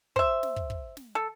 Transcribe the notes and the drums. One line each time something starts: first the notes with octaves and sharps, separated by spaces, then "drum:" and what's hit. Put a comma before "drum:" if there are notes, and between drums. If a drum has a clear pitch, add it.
C5 E5, drum: kick
drum: snare
drum: kick
drum: kick
drum: snare
A4